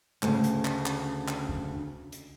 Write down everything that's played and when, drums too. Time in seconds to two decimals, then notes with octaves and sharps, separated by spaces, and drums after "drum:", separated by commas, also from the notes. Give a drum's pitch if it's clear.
0.23 D2 C#3, drum: clap
0.44 drum: hi-hat
0.65 drum: clap
0.86 drum: clap
1.28 drum: clap
1.49 drum: kick
2.12 drum: hi-hat